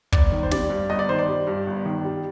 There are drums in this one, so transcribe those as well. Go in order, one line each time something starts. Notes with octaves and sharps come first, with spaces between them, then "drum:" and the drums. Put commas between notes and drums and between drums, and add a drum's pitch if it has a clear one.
G1 D5, drum: kick
D#3
C5
G3 D5, drum: snare
G2
G1 D#5
D5
D#3 C5
D5
G3
G2
G1
D#3
G3